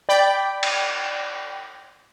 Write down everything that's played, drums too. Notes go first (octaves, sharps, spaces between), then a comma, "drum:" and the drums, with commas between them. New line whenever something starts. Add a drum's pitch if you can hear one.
D5 G5 B5
drum: cymbal